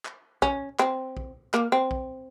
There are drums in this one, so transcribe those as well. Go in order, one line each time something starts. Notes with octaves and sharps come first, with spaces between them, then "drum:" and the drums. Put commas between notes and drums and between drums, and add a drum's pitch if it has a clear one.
drum: clap
C#4, drum: kick A#1
C4, drum: clap
drum: kick A#1
A#3, drum: clap
C4
drum: kick A#1